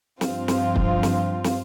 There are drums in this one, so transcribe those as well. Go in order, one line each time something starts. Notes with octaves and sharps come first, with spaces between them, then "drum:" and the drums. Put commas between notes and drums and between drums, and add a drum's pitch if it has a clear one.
G2 F3 C4 F4, drum: snare
drum: snare
drum: kick
drum: snare
drum: snare